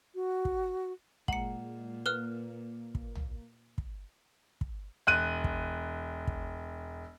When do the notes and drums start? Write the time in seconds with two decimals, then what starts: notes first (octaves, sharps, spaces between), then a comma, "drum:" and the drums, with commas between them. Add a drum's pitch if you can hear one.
0.15 F#4
0.45 drum: kick
1.28 A#2 G#3 F#5 A#5 C#7 F#7, drum: kick
2.06 A#3 B4 F6 F#6 G7
2.95 drum: kick
3.15 drum: tom
3.78 drum: kick
4.61 drum: kick
5.07 E1 F#6 D#7
5.44 drum: kick
6.27 drum: kick